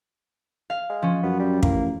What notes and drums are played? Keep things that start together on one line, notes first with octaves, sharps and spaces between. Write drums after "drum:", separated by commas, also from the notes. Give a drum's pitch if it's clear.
F5
G#3
F3 C#4
F#2 B3
G3
A1 A#3, drum: kick